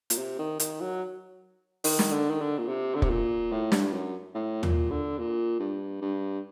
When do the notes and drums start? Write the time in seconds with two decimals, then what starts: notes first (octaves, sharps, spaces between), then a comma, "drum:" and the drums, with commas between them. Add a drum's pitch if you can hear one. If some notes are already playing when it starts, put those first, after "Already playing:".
0.10 A#2, drum: hi-hat
0.18 C3
0.39 D#3
0.60 D#3, drum: hi-hat
0.81 F#3
1.84 D#3, drum: open hi-hat
1.99 drum: snare
2.12 D3
2.30 D#3
2.41 D3
2.58 A#2
2.68 C3
2.95 D3
3.02 C3, drum: kick
3.09 A#2
3.52 A2
3.72 G2, drum: snare
3.93 F#2
4.35 A2
4.63 A#2, drum: tom D#2
4.90 D3
5.18 A#2
5.60 G2
6.02 G2